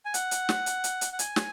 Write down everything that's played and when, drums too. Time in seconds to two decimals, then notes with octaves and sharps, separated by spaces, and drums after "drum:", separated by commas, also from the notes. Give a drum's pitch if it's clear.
0.05 G#5
0.14 F#5, drum: hi-hat
0.31 drum: hi-hat
0.49 drum: snare
0.66 drum: hi-hat
0.84 drum: hi-hat
1.01 drum: hi-hat
1.13 F#5
1.19 G#5, drum: hi-hat
1.36 drum: snare